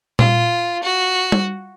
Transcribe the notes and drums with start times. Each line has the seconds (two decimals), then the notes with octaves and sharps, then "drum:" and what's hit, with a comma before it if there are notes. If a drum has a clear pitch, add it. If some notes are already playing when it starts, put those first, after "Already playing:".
0.19 F4, drum: tom A#2
0.83 F#4
1.32 drum: tom G3